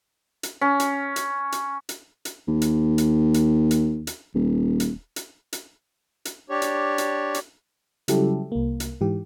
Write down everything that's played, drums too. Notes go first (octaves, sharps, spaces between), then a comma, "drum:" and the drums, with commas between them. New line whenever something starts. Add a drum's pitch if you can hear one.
drum: hi-hat
C#4
drum: hi-hat
drum: hi-hat
drum: hi-hat
drum: hi-hat
drum: hi-hat
D#2
drum: hi-hat
drum: hi-hat
drum: hi-hat
drum: hi-hat
drum: hi-hat
D#1
drum: hi-hat
drum: hi-hat
drum: hi-hat
drum: hi-hat
D4 G4 C#5
drum: hi-hat
drum: hi-hat
drum: hi-hat
C#3 F#3 G3 E4 G4 A4, drum: hi-hat
C2 A#3
drum: hi-hat
G#2 E3 G4